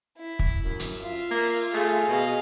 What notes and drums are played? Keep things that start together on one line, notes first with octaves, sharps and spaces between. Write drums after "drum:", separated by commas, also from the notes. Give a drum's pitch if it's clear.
E4
drum: kick
F#2
drum: hi-hat
F4 E5
A#3
A3 G#4
B2 D#5 F5